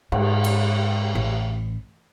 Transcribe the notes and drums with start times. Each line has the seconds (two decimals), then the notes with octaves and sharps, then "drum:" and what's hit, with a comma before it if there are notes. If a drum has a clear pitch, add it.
0.12 G#2, drum: cymbal
0.44 drum: cymbal
1.15 A1